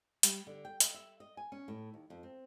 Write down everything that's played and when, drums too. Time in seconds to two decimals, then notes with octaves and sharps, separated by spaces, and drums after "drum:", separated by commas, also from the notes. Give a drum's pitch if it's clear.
0.23 G3, drum: hi-hat
0.47 D3
0.65 G5
0.80 D#5, drum: hi-hat
0.94 E5
1.20 D#5
1.37 G#5
1.52 C#4
1.68 A2
1.94 D#2
2.10 F2
2.23 C4